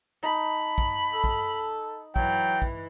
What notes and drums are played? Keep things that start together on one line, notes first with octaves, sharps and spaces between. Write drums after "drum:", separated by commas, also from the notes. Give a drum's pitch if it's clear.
D#4 A5 B5
drum: kick
A4
drum: kick
E3 F#3 G5, drum: kick
drum: kick